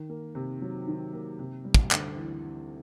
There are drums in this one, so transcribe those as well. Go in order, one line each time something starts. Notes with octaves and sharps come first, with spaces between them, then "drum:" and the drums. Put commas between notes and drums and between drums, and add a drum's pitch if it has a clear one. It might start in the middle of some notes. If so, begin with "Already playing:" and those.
Already playing: D#3
A#3
C3
F#3
D#3
A#3
C3
G3
drum: kick
D2, drum: clap
E3